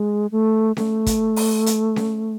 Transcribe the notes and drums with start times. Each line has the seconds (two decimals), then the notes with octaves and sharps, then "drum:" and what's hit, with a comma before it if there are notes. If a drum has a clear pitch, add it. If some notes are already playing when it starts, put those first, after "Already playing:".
Already playing: G#3
0.31 A3
0.77 A3, drum: snare C#4
1.06 drum: kick, hi-hat
1.36 drum: open hi-hat
1.66 drum: hi-hat
1.96 drum: snare C#4